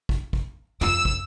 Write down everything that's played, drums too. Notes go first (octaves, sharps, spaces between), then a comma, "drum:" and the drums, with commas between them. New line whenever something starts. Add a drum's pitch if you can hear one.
drum: kick
drum: kick
F2 F4 E6, drum: tom
drum: kick